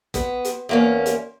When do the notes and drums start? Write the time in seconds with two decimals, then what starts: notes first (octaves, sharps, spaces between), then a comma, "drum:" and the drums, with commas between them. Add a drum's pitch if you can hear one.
0.14 B3, drum: kick, hi-hat
0.45 drum: hi-hat
0.69 E2 A#3 C#4
1.06 drum: hi-hat